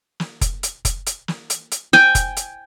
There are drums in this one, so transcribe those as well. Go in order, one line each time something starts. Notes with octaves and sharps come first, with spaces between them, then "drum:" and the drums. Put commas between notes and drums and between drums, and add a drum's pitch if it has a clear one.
drum: snare
drum: kick F1, hi-hat
drum: hi-hat
drum: kick F1, hi-hat
drum: hi-hat
drum: snare
drum: hi-hat
drum: hi-hat
G5 G#5, drum: snare
drum: kick F1, hi-hat
drum: hi-hat